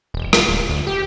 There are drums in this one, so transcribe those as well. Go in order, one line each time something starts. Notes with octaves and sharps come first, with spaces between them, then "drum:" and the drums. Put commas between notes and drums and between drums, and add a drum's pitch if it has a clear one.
E1
F4, drum: rim click
D1
D2
G4